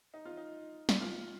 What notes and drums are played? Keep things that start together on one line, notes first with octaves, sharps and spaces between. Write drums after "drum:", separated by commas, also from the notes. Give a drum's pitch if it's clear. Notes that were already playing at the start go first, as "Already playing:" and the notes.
D#4
F4
D#4
drum: snare
F4